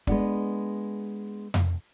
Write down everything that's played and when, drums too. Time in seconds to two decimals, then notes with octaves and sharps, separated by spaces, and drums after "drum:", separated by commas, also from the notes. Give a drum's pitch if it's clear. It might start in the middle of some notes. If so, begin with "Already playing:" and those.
0.07 G#3 B3 D4, drum: kick
1.54 drum: tom F2